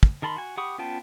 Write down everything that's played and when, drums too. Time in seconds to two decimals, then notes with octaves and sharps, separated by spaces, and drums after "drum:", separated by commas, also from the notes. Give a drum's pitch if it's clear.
0.03 drum: kick
0.22 D#3 A#4 A5 B5 C6
0.37 F#4 G#5
0.57 G4 F#5 B5 C#6 D#6
0.78 B3 C#4 F4 G5 A5